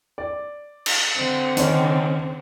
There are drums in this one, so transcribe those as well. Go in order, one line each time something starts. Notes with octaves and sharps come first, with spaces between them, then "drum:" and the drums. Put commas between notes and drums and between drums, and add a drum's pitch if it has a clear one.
D5
drum: cymbal
D3 C4
D#3 C#4, drum: hi-hat